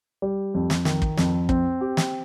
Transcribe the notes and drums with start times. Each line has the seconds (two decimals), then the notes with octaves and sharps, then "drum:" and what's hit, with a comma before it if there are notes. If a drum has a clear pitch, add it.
0.22 G3
0.54 F2
0.70 drum: snare
0.85 D#3, drum: snare
1.02 drum: kick
1.17 F2, drum: snare
1.49 C4, drum: kick
1.81 G4
1.97 drum: snare